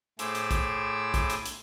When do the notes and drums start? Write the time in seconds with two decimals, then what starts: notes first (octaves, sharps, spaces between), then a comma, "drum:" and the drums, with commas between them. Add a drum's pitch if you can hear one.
0.19 A2 E4 G#4 C5 D6 E6, drum: hi-hat
0.35 drum: hi-hat
0.51 drum: kick, hi-hat
1.14 drum: kick, hi-hat
1.30 drum: hi-hat
1.45 drum: hi-hat